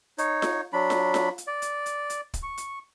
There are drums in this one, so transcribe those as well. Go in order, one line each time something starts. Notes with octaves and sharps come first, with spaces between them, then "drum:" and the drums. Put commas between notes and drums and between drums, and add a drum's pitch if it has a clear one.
D#4 C#5, drum: hi-hat
drum: snare F4
F#3 D4 B5
drum: snare F4
drum: snare F4
drum: hi-hat
D5
drum: hi-hat
drum: hi-hat
drum: hi-hat
drum: kick, hi-hat
C#6
drum: hi-hat